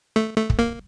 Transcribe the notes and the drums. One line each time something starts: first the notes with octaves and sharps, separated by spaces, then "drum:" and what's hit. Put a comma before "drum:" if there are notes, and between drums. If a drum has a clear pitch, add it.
A3
A3
drum: kick
A#3